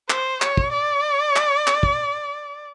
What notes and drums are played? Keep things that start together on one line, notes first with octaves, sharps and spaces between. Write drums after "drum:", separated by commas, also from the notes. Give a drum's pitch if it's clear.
C5, drum: clap
C#5, drum: clap
drum: kick
D5
drum: clap
drum: clap
drum: kick